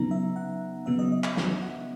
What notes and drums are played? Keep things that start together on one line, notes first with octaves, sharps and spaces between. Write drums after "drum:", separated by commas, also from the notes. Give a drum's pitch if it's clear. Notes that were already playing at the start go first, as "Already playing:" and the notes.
Already playing: C#3 F#3 B3 D#4 A#5
E5
F#5
C#3 F#3 B3 E5
D#5
D#5
E5, drum: clap
F#5, drum: snare
F#5